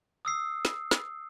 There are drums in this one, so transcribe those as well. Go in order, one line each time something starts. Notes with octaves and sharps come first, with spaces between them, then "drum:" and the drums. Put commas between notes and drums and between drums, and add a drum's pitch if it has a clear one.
D#6 E6 C7
drum: snare
drum: snare